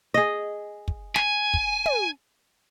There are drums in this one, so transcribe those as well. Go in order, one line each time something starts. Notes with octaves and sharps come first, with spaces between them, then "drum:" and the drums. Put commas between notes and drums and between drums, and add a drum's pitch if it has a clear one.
G#4 D#5
drum: kick
G#5, drum: snare
drum: kick
drum: tom